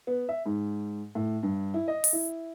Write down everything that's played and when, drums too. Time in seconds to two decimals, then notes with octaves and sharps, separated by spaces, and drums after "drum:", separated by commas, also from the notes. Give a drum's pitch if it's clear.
0.07 B3
0.29 E5
0.46 G#2
1.15 A2
1.43 G2
1.74 E4
1.88 D#5
2.04 drum: open hi-hat
2.13 E4